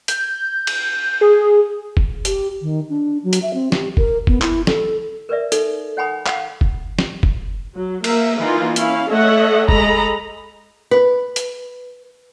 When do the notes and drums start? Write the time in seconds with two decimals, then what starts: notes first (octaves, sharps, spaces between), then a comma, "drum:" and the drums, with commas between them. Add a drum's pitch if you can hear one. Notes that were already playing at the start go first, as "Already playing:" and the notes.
0.08 G6, drum: hi-hat
0.67 drum: cymbal
1.21 G#4
1.97 drum: kick F1
2.25 G4, drum: hi-hat
2.62 D#3
2.90 D4
3.24 F#3
3.33 drum: hi-hat
3.43 E5
3.54 C4
3.72 G4, drum: snare
3.97 A#4, drum: kick F1
4.27 B3, drum: kick F1
4.42 E4, drum: clap
4.67 A4, drum: snare
5.29 A#4 B4 D5 E5
5.52 D#4 A4, drum: hi-hat
5.97 C#5 F#5 G#5 B5 D#6
6.26 F5 F#5 B5, drum: clap
6.61 drum: kick F1
6.99 drum: snare
7.23 drum: kick F1
7.75 F#3
8.04 A#3 A#4 E5, drum: cymbal
8.38 E3 A#3 D#4 F4
8.76 C#4 E4 F5, drum: hi-hat
9.08 A3 A4 C#5 D#5 E5 F#5
9.69 G#3 A4 D#5 A#5 B5, drum: kick F1
10.91 B4
11.36 drum: hi-hat